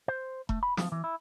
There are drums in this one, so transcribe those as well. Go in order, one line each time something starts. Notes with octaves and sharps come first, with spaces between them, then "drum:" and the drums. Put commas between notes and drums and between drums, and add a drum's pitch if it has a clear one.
C5
A3, drum: kick E1
B5
F3, drum: snare
E3
E4